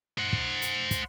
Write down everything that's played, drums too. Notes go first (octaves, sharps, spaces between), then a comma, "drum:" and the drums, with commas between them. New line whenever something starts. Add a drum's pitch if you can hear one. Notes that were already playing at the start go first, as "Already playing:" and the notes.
C5 F#5
drum: kick
drum: hi-hat
drum: kick, hi-hat